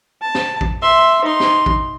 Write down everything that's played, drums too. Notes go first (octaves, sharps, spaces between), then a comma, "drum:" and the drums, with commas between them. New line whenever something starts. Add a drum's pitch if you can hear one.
A5
drum: snare
drum: kick A1
E5 C6
D#4 C6
drum: snare
drum: kick A1